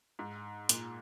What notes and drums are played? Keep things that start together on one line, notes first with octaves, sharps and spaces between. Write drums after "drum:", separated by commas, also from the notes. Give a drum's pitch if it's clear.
G#2
A#2, drum: hi-hat